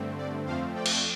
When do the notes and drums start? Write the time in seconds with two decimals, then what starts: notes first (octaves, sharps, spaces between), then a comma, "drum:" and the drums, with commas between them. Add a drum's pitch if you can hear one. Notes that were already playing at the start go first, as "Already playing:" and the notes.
Already playing: G2 D3 A3 C4
0.17 D5
0.46 F2 F3 A3 C4 C5 F5
0.75 D5 G5
0.86 drum: cymbal